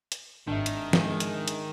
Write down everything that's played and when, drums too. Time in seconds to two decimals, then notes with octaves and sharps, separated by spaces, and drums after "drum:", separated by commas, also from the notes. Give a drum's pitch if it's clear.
0.12 drum: hi-hat
0.47 G#1 G#2 D#3 D4 E5
0.66 drum: hi-hat
0.93 G#3, drum: snare
1.20 drum: hi-hat
1.48 drum: hi-hat